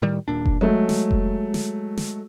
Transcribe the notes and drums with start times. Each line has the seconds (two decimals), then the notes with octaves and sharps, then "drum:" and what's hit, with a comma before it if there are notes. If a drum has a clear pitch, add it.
0.02 A2 D#3 G3
0.28 D#1 A#2 D4
0.46 drum: kick F1
0.61 F#3 G#3 A3
0.89 drum: snare
1.11 drum: kick F1
1.54 drum: snare
1.97 drum: snare